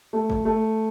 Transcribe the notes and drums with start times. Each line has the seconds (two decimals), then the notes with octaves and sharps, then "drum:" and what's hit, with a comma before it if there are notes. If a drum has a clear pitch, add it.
0.13 A3
0.30 drum: kick
0.45 A3